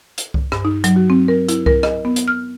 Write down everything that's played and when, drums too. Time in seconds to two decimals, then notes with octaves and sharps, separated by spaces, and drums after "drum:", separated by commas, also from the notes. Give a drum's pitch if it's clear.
0.18 drum: hi-hat
0.34 drum: kick C2
0.52 G2, drum: rim click
0.65 D#4
0.84 F#3, drum: hi-hat
0.96 F#4
1.10 C4
1.28 A#4
1.49 E4, drum: hi-hat
1.66 A#4, drum: kick C2
1.83 D#5, drum: rim click
2.05 B3
2.16 drum: hi-hat
2.28 F6